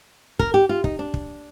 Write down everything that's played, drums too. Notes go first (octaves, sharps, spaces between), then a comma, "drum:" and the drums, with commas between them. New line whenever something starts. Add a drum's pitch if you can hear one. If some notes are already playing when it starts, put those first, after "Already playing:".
A#4, drum: kick
G4
F4
D#4, drum: kick
D4
drum: kick